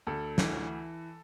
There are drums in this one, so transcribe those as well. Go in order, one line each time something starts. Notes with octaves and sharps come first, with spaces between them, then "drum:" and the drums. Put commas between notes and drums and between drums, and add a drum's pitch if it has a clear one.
D2 A4
E3, drum: snare